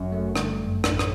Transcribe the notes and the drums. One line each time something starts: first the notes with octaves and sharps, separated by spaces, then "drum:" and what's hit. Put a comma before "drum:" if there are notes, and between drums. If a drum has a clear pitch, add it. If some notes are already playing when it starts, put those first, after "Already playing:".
Already playing: G1 F#2
A3
G2 D3, drum: rim click
F#2
A1 A2, drum: rim click
drum: rim click